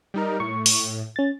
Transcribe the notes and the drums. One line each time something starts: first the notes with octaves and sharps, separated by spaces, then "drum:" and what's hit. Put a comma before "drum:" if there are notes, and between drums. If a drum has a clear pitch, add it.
G3 D#4 A#4
A2 C#6
drum: open hi-hat
C#4 A6